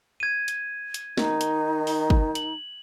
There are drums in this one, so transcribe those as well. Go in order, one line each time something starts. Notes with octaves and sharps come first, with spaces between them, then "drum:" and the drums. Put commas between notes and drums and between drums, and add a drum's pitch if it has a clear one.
G#6 D#7
drum: hi-hat
drum: hi-hat
D#3 D#4, drum: snare
drum: hi-hat
drum: open hi-hat
drum: kick
F#7, drum: hi-hat